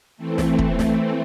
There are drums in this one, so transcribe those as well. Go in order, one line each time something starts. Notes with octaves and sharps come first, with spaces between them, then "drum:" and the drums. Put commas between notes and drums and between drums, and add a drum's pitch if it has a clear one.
E3 A3 C4
drum: snare
drum: kick
drum: snare